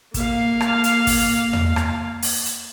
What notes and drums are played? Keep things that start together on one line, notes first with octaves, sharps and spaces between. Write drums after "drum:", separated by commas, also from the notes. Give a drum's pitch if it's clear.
A#3 F5, drum: kick, hi-hat
drum: rim click
drum: hi-hat
drum: kick, open hi-hat
drum: tom E2
drum: rim click
drum: open hi-hat
drum: hi-hat